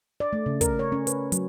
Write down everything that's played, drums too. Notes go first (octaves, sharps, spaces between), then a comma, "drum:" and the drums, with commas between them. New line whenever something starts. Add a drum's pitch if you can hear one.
D5
A3
C#3
A#4, drum: kick, hi-hat
C#5
C#4
B4, drum: hi-hat
F#3, drum: hi-hat